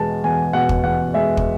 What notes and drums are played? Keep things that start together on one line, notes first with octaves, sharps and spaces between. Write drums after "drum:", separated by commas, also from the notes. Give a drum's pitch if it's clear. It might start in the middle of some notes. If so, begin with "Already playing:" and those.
Already playing: E2 B2 G#3 A5
E2 G#5
B2 F#5
drum: kick
E2 F#5
G#3 E5
drum: kick